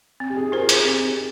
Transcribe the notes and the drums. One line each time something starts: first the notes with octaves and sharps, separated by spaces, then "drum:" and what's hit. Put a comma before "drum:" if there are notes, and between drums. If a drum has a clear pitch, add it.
C4
G4
G#4
F4 A#4 C5
G#4, drum: hi-hat
C4 G4